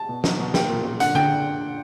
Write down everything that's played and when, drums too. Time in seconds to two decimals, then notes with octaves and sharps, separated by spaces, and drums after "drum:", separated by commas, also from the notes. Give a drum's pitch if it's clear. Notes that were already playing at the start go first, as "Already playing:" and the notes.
Already playing: A5
0.09 B2
0.24 F#3, drum: snare
0.39 B2
0.54 A#3 G5, drum: snare
0.69 A#2
0.85 A#2
1.00 D3 F#5, drum: hi-hat
1.15 D3 G5, drum: tom D3